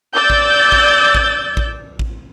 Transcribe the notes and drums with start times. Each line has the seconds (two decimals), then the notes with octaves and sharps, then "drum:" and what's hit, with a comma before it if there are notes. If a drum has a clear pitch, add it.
0.16 D5 E6 G6 A6
0.30 drum: kick A1
0.72 drum: kick A1
1.15 drum: kick A1
1.57 drum: kick A1
1.99 drum: kick A1